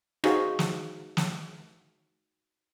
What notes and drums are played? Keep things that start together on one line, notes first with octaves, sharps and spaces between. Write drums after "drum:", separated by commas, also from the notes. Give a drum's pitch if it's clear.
D#4 F#4 G#4 C5 F5, drum: rim click
drum: snare
drum: snare